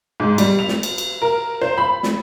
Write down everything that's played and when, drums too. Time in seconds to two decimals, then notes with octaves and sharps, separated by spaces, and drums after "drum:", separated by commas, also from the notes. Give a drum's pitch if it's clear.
0.20 G#2
0.38 G3, drum: cymbal
0.59 F7
0.68 drum: snare
0.83 drum: cymbal
0.98 drum: cymbal
1.22 A#4
1.62 C5
1.78 B5
2.03 drum: snare